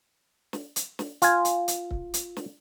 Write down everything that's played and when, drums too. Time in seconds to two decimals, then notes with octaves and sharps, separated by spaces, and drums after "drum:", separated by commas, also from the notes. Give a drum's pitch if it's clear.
0.53 drum: snare
0.76 drum: hi-hat
0.99 drum: snare
1.22 F4 G#5, drum: hi-hat
1.45 drum: hi-hat
1.68 drum: hi-hat
1.91 drum: kick C#1
2.14 drum: hi-hat
2.37 drum: snare